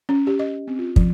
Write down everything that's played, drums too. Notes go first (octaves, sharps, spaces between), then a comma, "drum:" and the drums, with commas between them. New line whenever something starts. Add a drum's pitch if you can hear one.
C#4
G4
D#5
C4
F4
F3, drum: kick